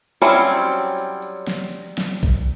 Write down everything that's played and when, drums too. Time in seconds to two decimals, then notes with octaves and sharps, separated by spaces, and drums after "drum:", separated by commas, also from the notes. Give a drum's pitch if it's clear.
0.22 F#3 G3 C4 C#4 E4, drum: tambourine
0.47 drum: tambourine
0.72 drum: tambourine
0.97 drum: tambourine
1.22 drum: tambourine
1.47 drum: snare
1.73 drum: tambourine
1.98 drum: snare
2.23 drum: kick A#1, tambourine